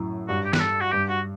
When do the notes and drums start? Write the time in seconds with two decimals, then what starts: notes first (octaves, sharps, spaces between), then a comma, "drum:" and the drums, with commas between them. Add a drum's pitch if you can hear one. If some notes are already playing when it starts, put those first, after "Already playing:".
Already playing: F#2 A2
0.28 G2 F#4
0.45 G4
0.53 B4, drum: snare
0.60 A4
0.81 F#4
0.92 G2 G4
1.09 F#4